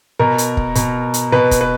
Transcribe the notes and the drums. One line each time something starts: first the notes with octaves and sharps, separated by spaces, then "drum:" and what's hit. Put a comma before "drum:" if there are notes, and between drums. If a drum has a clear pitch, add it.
B2 A#4
drum: hi-hat
drum: kick
B2, drum: hi-hat
drum: hi-hat
B2 B4
drum: kick, hi-hat
B4